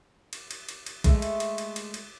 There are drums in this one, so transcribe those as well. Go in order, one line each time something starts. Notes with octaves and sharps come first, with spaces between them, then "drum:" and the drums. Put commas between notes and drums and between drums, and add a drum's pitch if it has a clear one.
drum: cymbal
drum: cymbal
drum: cymbal
drum: cymbal
G#3 A3, drum: kick A#1, cymbal
drum: cymbal
drum: cymbal
drum: cymbal
drum: cymbal
drum: cymbal